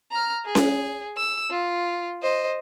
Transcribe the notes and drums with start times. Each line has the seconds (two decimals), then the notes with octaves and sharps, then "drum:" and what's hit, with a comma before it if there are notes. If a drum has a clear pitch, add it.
0.12 A#5 F6
0.45 G#4
0.55 drum: snare C#4
1.16 E6
1.50 F4
2.22 C5 D#5